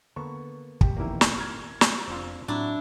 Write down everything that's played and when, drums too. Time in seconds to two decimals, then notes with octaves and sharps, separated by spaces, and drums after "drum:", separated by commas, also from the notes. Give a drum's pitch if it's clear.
0.16 D3 A#3 B3 A4 C#6
0.81 A#2 G4, drum: kick
0.97 F1 E2 D#3 A#3 E4
1.21 drum: snare
1.37 F6 G#6
1.81 drum: snare
2.07 F1 C4 D4 F4
2.48 A2 F#3 C4 D4 E4